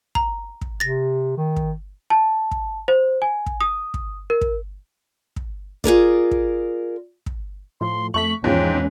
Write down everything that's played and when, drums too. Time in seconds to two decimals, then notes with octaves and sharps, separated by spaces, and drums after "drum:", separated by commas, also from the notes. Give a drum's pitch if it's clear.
0.15 A#5, drum: kick
0.61 drum: kick
0.80 C3 A6 A#6
1.37 D#3
1.56 drum: kick
2.10 A5
2.51 drum: kick
2.88 C5
3.22 G#5
3.46 drum: kick
3.61 D#6
3.94 drum: kick
4.30 A#4
4.41 drum: kick
5.36 drum: kick
5.84 F4 G#4 A#4 D5, drum: kick
6.31 drum: kick
7.26 drum: kick
7.81 A2 F3 C6
8.14 F2 A3 C#6 B6 F#7
8.44 E2 G#2 B2 F3 G#3 C#4 G5